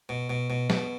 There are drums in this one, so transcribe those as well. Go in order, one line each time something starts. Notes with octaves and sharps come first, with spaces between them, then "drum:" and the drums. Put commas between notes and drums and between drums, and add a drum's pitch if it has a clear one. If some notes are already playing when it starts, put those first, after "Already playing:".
B2
B2
B2
B2, drum: snare